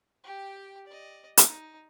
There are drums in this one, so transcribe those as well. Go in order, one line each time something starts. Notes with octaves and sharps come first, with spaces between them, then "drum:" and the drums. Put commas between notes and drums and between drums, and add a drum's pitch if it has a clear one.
G4 G5
D5 D#5
drum: hi-hat
D#4